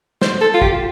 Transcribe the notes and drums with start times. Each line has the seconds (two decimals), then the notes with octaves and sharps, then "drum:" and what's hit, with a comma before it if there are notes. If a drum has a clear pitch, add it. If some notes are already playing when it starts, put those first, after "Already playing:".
0.22 C5, drum: snare
0.41 A4
0.54 F4
0.62 G4, drum: kick